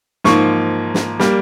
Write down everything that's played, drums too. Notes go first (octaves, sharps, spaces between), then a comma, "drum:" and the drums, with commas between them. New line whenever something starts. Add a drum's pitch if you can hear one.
G#2 F3 A#3 C#6, drum: snare
drum: snare
G3 A#3, drum: snare